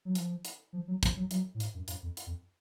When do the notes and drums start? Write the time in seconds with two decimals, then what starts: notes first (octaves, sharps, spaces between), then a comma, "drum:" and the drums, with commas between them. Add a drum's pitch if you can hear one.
0.05 F#3
0.15 F3, drum: hi-hat
0.45 drum: hi-hat
0.73 F3
0.88 F#3
1.03 F3, drum: kick, hi-hat
1.17 F#3
1.31 F#3, drum: hi-hat
1.55 A2
1.60 G#2, drum: hi-hat
1.74 F#2
1.88 F#2, drum: hi-hat
2.03 F2
2.17 drum: hi-hat
2.27 F2